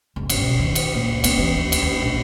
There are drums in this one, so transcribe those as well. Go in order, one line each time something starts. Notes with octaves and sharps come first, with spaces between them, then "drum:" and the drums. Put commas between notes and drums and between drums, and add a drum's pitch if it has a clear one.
F#1
G1, drum: cymbal
B1
D#3
drum: cymbal
A#2
C#2
B3, drum: cymbal
E3
D#2
drum: cymbal
D#2
A#1